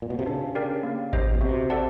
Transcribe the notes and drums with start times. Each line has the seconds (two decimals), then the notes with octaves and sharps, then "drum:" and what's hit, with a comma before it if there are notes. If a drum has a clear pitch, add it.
0.02 A#2
0.10 B2
0.19 C3
0.26 C#3 D4
0.55 G4 A#4 D5 G5
0.83 A#3
1.13 D#4 G4 C5 D#5, drum: kick G#1
1.34 B2
1.41 C3 F#4
1.70 A4 D5 F#5 A5